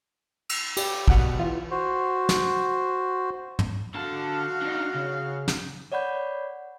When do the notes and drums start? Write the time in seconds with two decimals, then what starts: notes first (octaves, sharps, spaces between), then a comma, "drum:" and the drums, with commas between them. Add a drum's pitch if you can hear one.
0.49 drum: cymbal
0.77 G4, drum: cymbal
1.08 B2 F#5 F#6, drum: kick
1.39 E3 F4
1.71 F#4 C5
2.29 drum: snare
3.59 drum: tom
3.94 D3 F#4 F5 A5
4.62 D4 D#4
4.95 C#3
5.48 drum: snare
5.92 C#5 D5 F#5 B5 G6